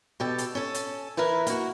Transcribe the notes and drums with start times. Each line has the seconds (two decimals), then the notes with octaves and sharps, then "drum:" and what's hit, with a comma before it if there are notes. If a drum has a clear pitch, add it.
0.20 B2 G4 A4
0.38 drum: hi-hat
0.55 C#4 A4
0.74 drum: hi-hat
1.17 E3 E4 A#4 B4
1.47 A#3 F#4, drum: hi-hat